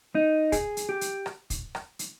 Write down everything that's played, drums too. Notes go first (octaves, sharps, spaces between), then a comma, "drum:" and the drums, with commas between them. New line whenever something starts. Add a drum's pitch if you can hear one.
D#4
G#4, drum: kick, hi-hat
drum: hi-hat
G4
drum: hi-hat
drum: rim click
drum: kick, hi-hat
drum: rim click
drum: hi-hat